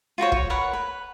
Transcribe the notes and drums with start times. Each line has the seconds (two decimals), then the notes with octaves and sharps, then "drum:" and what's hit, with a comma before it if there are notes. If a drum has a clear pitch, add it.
0.18 F4 F#4 C5 C#5
0.32 C#5, drum: kick
0.50 A#4 B4 C#5 F#5
0.73 B4